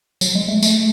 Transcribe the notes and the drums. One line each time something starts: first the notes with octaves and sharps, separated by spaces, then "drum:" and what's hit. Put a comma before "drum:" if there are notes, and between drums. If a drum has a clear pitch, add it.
F#3, drum: tambourine
G#3
A3
A3, drum: tambourine